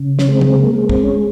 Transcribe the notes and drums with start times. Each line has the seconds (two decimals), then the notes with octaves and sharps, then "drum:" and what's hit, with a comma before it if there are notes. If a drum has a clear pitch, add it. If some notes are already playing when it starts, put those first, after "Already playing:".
Already playing: C#3
0.19 C#4, drum: snare
0.28 G#3 C4
0.41 drum: tom
0.58 A#3
0.75 G#3
0.89 C4, drum: kick
1.04 C#4